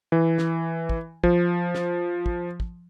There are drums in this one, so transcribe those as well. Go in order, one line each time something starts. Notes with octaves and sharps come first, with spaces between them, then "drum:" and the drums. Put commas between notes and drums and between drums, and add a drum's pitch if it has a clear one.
E3
drum: snare
drum: kick
F3, drum: kick
drum: snare
drum: kick
drum: kick